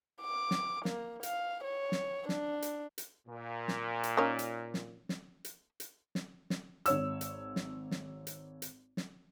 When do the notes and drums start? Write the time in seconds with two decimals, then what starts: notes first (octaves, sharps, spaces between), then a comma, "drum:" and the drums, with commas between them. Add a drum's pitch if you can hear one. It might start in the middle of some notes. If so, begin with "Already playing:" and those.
0.22 D6
0.51 drum: snare
0.85 A#3, drum: snare
1.23 F5, drum: hi-hat
1.65 C#5
1.92 drum: snare
2.29 D4, drum: snare
2.62 drum: hi-hat
2.98 drum: hi-hat
3.28 A#2
3.68 drum: snare
4.03 drum: hi-hat
4.17 A#3 C#4 D#4
4.39 drum: hi-hat
4.74 drum: snare
5.09 drum: snare
5.45 drum: hi-hat
5.80 drum: hi-hat
6.15 drum: snare
6.50 drum: snare
6.86 G#1 C#5 E6, drum: hi-hat
7.21 drum: hi-hat
7.56 drum: snare
7.91 drum: snare
8.27 drum: hi-hat
8.62 drum: hi-hat
8.97 drum: snare